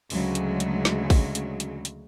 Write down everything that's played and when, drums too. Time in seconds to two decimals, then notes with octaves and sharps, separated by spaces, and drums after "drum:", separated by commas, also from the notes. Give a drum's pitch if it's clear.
0.10 D2 C#3 F#3 G#3, drum: open hi-hat
0.35 drum: hi-hat
0.60 drum: hi-hat
0.85 drum: snare
1.10 drum: kick, open hi-hat
1.35 drum: hi-hat
1.60 drum: hi-hat
1.85 drum: hi-hat